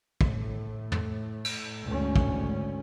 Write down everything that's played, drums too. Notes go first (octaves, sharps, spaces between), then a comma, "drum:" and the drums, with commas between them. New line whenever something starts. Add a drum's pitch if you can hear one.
A2, drum: kick
drum: tom
drum: cymbal
D2 G#2 C#4
drum: kick